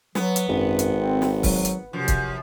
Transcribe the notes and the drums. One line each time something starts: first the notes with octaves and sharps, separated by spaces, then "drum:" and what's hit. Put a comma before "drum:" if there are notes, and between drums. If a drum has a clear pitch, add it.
F#3 B3, drum: snare
drum: hi-hat
G#1 F#2
drum: hi-hat
C4
drum: snare
F#3, drum: kick C#1, open hi-hat
drum: hi-hat
F#2 C3 F3
drum: kick C#1, hi-hat